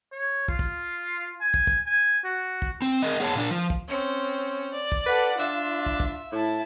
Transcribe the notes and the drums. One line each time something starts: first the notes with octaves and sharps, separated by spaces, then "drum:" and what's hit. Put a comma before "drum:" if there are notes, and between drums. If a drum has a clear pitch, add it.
C#5
F4, drum: kick
drum: kick
G#5
drum: kick
drum: kick
G#5
F#4
drum: kick
C4
G#4 A#4 D#5
B3 G#4 C#5 F#5 A5
A#2 D4
F3
drum: kick
C4 C#4
D5
drum: kick
A4 B4 F#5
D4 F4 E5
drum: kick
drum: kick
A2 E4 A5